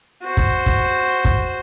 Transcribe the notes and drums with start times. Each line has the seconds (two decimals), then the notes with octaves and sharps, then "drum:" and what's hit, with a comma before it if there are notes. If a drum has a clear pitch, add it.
0.23 F#4 C5
0.37 drum: kick
0.66 drum: kick
1.25 drum: kick